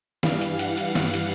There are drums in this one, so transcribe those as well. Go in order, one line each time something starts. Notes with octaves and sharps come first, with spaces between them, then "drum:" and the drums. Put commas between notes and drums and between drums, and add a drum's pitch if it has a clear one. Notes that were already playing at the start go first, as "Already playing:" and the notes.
G2 E3 G3 F5, drum: snare
drum: hi-hat
F#5, drum: hi-hat
drum: hi-hat
F5, drum: snare
drum: hi-hat